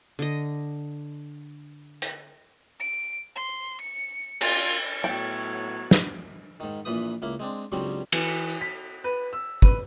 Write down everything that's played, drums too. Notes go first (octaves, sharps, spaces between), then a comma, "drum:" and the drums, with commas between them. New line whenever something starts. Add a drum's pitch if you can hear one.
D3 D#5
drum: hi-hat
D7
C6
C#7
F4, drum: cymbal
A2 F#3 B3 C#5 G5
drum: snare
G#2 D#3
A#1 A#2 E3 B4 D#6
C#2 A#3 E4
G#3 C4 D4
C#2 G2 C#3 F#3 G3 C4
E3, drum: cymbal
drum: tambourine
B6
B4
E6
B4, drum: kick